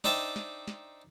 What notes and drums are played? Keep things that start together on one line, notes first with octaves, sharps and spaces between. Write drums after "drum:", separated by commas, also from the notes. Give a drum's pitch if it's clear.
D4 D#4 C5 E5 G5 A5, drum: snare
drum: snare
drum: snare